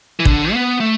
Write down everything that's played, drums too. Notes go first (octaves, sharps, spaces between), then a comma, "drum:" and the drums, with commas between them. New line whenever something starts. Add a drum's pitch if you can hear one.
E3
D3, drum: kick
B3
A3